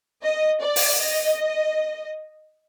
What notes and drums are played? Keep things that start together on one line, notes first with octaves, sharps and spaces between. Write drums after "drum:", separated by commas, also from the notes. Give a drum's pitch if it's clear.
D#5
D5
drum: open hi-hat
D#5